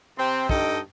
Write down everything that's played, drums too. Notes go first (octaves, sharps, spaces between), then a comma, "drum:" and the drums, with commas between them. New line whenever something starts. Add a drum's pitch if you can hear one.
C3 C4
G2 D#4 A4 D#5 G5, drum: kick